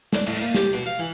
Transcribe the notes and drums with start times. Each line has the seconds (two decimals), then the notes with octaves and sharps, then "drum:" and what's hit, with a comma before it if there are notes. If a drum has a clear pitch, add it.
0.13 D4, drum: snare
0.27 A2, drum: cymbal
0.41 A#3
0.54 G4, drum: snare
0.73 B2
0.86 F5
0.99 E3